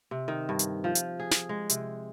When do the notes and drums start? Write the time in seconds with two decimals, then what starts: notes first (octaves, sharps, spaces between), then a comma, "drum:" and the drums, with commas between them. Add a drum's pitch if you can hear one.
0.11 C3
0.28 D#3
0.49 G2
0.59 drum: hi-hat
0.84 F3
0.95 drum: hi-hat
1.19 G#4
1.31 drum: snare
1.49 G#3
1.69 C3, drum: hi-hat